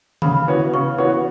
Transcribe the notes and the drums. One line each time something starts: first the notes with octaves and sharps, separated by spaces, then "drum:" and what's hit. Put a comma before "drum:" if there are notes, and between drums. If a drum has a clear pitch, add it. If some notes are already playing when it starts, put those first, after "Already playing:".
C#3 B5, drum: tom D3
E3 B3 F#4 C#5
C#3 C#6
E3 B3 F#4 C#5 C#6